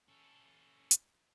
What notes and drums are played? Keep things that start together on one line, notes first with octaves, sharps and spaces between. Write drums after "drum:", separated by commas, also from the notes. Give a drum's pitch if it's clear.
C#4 A4
drum: hi-hat